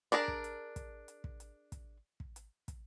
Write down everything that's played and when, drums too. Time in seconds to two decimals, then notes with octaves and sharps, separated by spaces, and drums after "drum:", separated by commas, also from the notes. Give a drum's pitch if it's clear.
0.12 D4 G#4 A#4 A5, drum: hi-hat
0.28 drum: kick
0.44 drum: hi-hat
0.76 drum: kick, hi-hat
1.08 drum: hi-hat
1.24 drum: kick
1.40 drum: hi-hat
1.72 drum: kick, hi-hat
2.20 drum: kick
2.36 drum: hi-hat
2.68 drum: kick, hi-hat